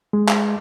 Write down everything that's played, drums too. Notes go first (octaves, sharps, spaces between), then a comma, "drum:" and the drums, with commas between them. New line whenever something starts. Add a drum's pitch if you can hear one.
G#3
drum: clap